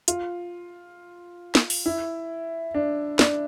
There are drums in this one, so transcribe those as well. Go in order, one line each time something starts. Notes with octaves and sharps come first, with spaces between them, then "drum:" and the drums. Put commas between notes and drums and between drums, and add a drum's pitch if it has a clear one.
F4, drum: hi-hat
drum: snare
drum: open hi-hat
E4
D4
D4, drum: snare